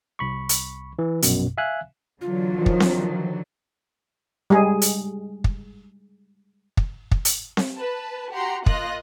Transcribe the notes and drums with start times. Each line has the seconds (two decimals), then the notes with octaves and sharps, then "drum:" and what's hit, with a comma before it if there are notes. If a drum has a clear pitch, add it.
0.19 C2 B5 C#6
0.49 drum: hi-hat
0.99 E3
1.22 A#1 F#2 B2, drum: hi-hat
1.58 E5 F5 G#5 F#6
2.21 D3 E3 F#3 F4
2.57 D#3 F3
2.66 drum: kick
2.80 drum: snare C4
4.50 G3 G#3 G#4
4.82 drum: hi-hat
5.44 drum: kick
6.77 drum: kick
7.11 drum: kick
7.25 drum: hi-hat
7.57 drum: snare C4
7.75 B4 A5
8.33 F#4 G4 F#5 A#5 C6
8.66 A#3 F4 D#5 D#6 F#6 A#6, drum: kick